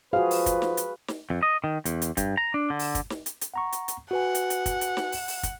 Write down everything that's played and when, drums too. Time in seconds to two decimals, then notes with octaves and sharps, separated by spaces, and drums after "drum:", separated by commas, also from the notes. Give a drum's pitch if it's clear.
0.13 F3 F#4 G#4 B4 F5
0.31 drum: open hi-hat
0.46 drum: kick, hi-hat
0.62 drum: snare
0.77 drum: hi-hat
1.08 drum: snare
1.30 F2
1.43 D#5
1.64 D#3
1.85 E2, drum: hi-hat
2.02 drum: hi-hat
2.17 G2, drum: kick, hi-hat
2.37 A#5
2.54 D4
2.70 D3
2.79 drum: open hi-hat
2.95 drum: kick, hi-hat
3.10 drum: snare
3.26 drum: hi-hat
3.41 drum: hi-hat
3.54 F#5 A#5 C#6
3.72 drum: hi-hat
3.88 drum: hi-hat
4.11 F#4 B4 F#5 G#5
4.35 drum: hi-hat
4.50 drum: hi-hat
4.66 drum: kick, hi-hat
4.81 drum: hi-hat
4.97 drum: snare
5.12 drum: open hi-hat
5.28 drum: open hi-hat
5.43 drum: kick, hi-hat